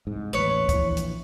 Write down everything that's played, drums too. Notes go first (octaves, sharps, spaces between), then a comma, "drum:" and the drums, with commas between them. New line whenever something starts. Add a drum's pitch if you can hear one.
C2 G#2
A1 D#2 B4 C#5
A#1 E3, drum: kick, hi-hat
drum: hi-hat